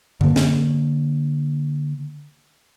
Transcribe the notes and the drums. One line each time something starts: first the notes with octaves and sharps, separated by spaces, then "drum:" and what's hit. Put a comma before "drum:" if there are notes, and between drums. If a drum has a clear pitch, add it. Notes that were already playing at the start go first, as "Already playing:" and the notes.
D3 A#3, drum: tom F#2
drum: snare